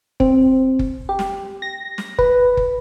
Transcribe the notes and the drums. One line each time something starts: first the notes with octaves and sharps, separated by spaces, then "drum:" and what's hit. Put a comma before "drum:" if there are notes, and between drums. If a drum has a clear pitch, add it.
C4, drum: kick F#1
drum: kick F#1
G4
drum: snare
A#6
drum: snare
B4, drum: kick F#1
drum: kick F#1